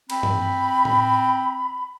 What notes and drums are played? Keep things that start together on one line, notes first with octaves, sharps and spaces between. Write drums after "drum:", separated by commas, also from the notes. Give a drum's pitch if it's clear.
C4 B5, drum: cymbal
drum: tom G2
drum: tom A2